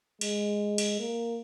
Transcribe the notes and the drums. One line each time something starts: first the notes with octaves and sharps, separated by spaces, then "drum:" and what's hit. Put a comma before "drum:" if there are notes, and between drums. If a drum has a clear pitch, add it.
G#3, drum: cymbal
drum: cymbal
A#3